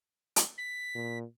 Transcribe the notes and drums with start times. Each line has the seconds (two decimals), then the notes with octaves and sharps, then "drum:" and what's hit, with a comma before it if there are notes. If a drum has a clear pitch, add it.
0.36 drum: hi-hat
0.58 B6
0.95 A#2